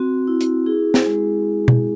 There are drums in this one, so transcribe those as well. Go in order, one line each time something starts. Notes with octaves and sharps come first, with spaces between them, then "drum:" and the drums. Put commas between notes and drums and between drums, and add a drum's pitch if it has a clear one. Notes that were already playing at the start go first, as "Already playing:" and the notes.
Already playing: C4 F#4
E4
drum: hi-hat
E4 G#4
drum: snare
G#3
drum: tom B2